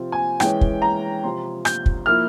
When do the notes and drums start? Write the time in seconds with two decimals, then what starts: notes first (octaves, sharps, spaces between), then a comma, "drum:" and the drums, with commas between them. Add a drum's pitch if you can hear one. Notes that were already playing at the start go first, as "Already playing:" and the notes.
Already playing: C3 F3 C4 F4
0.12 G#5
0.40 E3 G#3 C#4 G5, drum: rim click
0.61 drum: kick
0.82 A#5
1.23 C3 F3 C4 F4 C6
1.65 G6, drum: rim click
1.86 drum: kick
2.06 F3 A#3 E4 F6